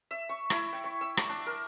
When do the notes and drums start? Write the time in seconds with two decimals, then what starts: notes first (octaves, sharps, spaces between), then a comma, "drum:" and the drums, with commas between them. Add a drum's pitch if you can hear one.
0.11 E5
0.29 C#6
0.50 E4, drum: rim click
0.73 G5
0.84 C#6
1.01 E6
1.17 D5, drum: rim click
1.29 D4
1.46 A#4